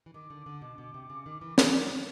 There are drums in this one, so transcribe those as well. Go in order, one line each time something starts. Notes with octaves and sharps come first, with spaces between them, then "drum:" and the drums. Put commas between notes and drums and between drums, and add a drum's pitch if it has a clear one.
E3
D#3 D6
D3
D3
B2
B2
C3
C#3
D#3
E3
E3, drum: snare
F#3
C#3